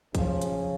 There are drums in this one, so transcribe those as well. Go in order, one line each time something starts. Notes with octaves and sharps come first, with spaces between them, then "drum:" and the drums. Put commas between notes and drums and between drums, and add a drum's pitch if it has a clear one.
C#3 F3, drum: kick, hi-hat
drum: hi-hat